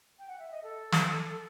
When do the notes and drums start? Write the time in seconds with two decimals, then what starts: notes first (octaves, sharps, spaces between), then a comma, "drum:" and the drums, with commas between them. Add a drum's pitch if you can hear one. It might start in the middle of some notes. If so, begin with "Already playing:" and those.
0.19 G5
0.28 F#5
0.39 E5
0.51 D#5
0.64 A4
0.92 drum: snare